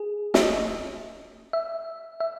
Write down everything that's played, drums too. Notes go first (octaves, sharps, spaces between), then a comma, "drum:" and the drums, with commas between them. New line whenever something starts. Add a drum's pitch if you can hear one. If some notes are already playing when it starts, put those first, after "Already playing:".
Already playing: G#4
E5, drum: snare
D#5
E5
E5